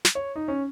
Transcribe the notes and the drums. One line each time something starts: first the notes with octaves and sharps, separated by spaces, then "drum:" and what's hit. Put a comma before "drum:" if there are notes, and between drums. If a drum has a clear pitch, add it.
drum: snare
C#5
D#4
C#4